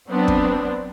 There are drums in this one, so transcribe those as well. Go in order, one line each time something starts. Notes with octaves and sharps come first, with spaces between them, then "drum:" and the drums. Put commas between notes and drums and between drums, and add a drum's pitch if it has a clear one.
F#3 B3 C4 D4
drum: kick